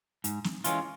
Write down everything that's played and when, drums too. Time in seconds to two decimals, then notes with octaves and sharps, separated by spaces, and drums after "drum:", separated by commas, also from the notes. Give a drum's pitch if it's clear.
0.24 G#2, drum: hi-hat
0.44 drum: snare
0.64 E3 G#3 C#4 F4, drum: hi-hat